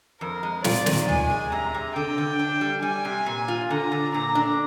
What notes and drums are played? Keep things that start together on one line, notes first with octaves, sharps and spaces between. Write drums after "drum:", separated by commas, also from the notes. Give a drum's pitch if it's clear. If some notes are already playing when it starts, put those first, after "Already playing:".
F2 A#4
G#3
F4 D5, drum: snare
D#3, drum: snare
G#3 G#5, drum: tom
G#3
C3 A#5
C3
D3 G5
D3
D4
G3
G3 G#5
C3
A#2
F4
D3 A#5
D3
A#2 A#5
D4